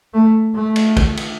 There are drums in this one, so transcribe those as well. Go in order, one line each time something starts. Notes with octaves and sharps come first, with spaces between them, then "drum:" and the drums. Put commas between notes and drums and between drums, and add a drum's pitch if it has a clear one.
A3
A3
drum: cymbal
drum: kick, cymbal
drum: cymbal